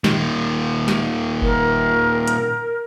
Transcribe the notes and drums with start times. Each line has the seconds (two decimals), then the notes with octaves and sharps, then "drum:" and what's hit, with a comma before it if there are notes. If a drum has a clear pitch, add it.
0.04 A#2 D#3, drum: snare
0.88 drum: snare
1.42 A#4, drum: kick F#1
2.28 drum: hi-hat